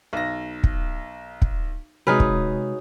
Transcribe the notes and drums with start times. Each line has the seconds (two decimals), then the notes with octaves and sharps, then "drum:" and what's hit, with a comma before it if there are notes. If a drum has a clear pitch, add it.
0.13 B1 A#6
0.64 drum: kick
1.42 drum: kick
2.07 C3 G#3 D#4 F#4 G#4 B4 C#5 F6
2.20 drum: kick